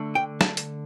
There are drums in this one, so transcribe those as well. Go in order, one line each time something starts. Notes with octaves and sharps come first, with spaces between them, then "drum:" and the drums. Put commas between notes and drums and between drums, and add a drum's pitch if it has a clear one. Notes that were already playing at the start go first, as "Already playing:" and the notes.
Already playing: D3 A3
G5
A5, drum: snare
drum: hi-hat